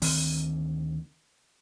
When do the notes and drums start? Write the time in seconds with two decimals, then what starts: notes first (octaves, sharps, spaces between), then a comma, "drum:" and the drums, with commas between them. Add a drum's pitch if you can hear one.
0.02 D2 D#3 C4, drum: open hi-hat